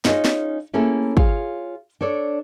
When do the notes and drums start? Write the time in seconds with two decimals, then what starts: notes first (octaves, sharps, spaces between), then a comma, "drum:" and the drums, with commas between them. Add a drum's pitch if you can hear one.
0.05 C#4 D#4 F4 G#4 C#5 D#5, drum: snare
0.25 drum: snare
0.73 A3 A#3 C#4 E4 G#4 A4
1.17 F4 G#4 C#5 F5, drum: kick
2.01 D4 A4 C#5 D5